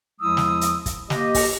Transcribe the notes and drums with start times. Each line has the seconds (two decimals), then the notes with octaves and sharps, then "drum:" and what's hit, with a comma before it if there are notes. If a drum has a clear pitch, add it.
0.21 E2 F3 G#3 E4 D#6 E6
0.37 drum: snare
0.61 drum: hi-hat
0.86 drum: kick, hi-hat
1.10 A#3 G4 D#5, drum: snare
1.34 drum: kick, open hi-hat